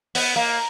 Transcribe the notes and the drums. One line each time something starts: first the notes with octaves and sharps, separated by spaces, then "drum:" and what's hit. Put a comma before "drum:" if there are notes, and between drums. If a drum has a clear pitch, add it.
B3, drum: open hi-hat
A#3